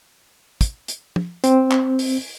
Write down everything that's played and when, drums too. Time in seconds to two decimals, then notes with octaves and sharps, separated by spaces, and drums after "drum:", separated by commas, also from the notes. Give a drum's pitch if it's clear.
0.61 drum: kick, hi-hat
0.88 drum: hi-hat
1.16 drum: tom
1.44 C4, drum: hi-hat
1.71 drum: clap
1.99 drum: open hi-hat